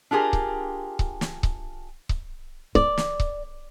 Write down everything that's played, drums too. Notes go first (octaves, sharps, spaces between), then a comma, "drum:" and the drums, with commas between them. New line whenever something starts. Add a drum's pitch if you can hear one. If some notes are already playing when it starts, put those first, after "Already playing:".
D4 F4 G4 G#4 A#4
drum: kick C#1
drum: kick C#1
drum: snare
drum: kick C#1
drum: kick C#1
D5, drum: kick C#1
drum: snare
drum: kick C#1